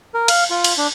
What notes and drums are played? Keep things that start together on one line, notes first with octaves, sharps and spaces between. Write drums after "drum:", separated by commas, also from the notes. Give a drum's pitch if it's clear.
A#4
F5, drum: cymbal
F4
drum: cymbal
D4